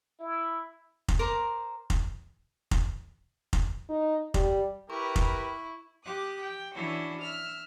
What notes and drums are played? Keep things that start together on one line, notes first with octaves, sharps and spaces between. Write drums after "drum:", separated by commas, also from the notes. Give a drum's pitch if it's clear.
E4
drum: kick F1
A#4 C5 A#5 D6
drum: kick F1
drum: kick F1
drum: kick F1
D#4
G3, drum: kick F1
E4 G4 A#4 B4 C#6
drum: kick F1
G4 D6 D#6 F#6
G5
E3 C#4 D4 E4 F#4
E5 F6